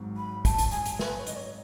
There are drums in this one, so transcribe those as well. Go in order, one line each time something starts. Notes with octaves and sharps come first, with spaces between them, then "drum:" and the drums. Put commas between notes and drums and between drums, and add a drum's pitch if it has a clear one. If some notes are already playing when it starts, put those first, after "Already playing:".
Already playing: G#1 G#2 F#3
B5
A5, drum: kick, hi-hat
drum: hi-hat
G#5, drum: hi-hat
drum: hi-hat
B4, drum: snare
C#5
D#5, drum: hi-hat
C#5